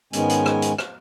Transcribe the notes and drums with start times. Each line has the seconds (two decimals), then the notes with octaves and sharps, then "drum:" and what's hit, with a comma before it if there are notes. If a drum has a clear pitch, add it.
0.13 G#2 D#3 G#3 B3 C#4 G#5, drum: hi-hat
0.29 drum: hi-hat
0.46 drum: rim click
0.62 drum: hi-hat
0.78 drum: rim click